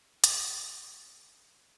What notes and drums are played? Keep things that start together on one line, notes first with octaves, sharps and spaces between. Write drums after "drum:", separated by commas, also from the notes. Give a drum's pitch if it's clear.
A4, drum: hi-hat
A#2 G3 B3 G#4
G4
A#2 F#3 A#3